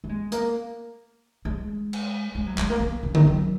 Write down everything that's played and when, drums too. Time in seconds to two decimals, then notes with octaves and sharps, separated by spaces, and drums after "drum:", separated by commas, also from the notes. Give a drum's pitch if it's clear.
0.04 A#3
0.09 G#3
0.32 A#3, drum: hi-hat
1.45 G#3
1.93 drum: cymbal
2.35 G#3
2.47 F#3
2.58 G#3, drum: clap
2.70 A#3
2.80 A#3
3.03 C#3
3.15 D#3, drum: tom D3
3.27 F#3